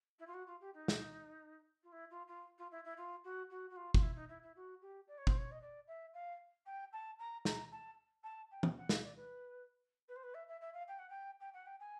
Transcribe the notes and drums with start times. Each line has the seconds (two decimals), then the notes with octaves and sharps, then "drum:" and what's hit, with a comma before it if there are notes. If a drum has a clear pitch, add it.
0.19 E4
0.27 F4
0.33 F#4
0.46 F4
0.60 G4
0.73 D#4
0.88 drum: snare
1.83 F4
1.92 E4
2.10 F4
2.27 F4
2.58 F4
2.71 E4
2.84 E4
2.97 F4
3.24 F#4
3.50 F#4
3.70 F#4
3.76 F4
3.94 F4, drum: kick
4.02 E4
4.15 D#4
4.29 E4
4.42 E4
4.55 F#4
4.81 G4
5.07 D5
5.17 C#5
5.27 C5, drum: kick
5.37 C#5
5.51 D#5
5.61 D5
5.87 E5
6.13 F5
6.65 G5
6.92 A5
7.19 A#5
7.45 A#5, drum: snare
7.72 A5
8.23 A5
8.51 G5
8.63 drum: tom
8.77 F#5
8.89 F5, drum: snare
9.03 D5
9.16 B4
10.08 B4
10.15 C5
10.23 B4
10.34 E5
10.48 E5
10.60 E5
10.73 F5
10.87 G5
10.98 F#5
11.09 G5
11.40 G5
11.53 F#5
11.66 G5
11.80 G#5